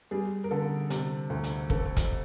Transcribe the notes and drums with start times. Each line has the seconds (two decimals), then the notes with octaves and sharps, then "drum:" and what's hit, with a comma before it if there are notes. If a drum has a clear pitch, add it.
0.11 G3 G#4
0.44 A#4
0.51 D3 A4
0.90 C3, drum: hi-hat
1.30 D2
1.44 drum: hi-hat
1.70 C4 A4, drum: kick
1.97 drum: kick, hi-hat